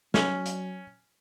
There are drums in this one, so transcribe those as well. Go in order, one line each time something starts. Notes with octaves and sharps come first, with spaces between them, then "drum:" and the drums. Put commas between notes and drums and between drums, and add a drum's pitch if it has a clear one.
F#3 C#4, drum: snare
drum: hi-hat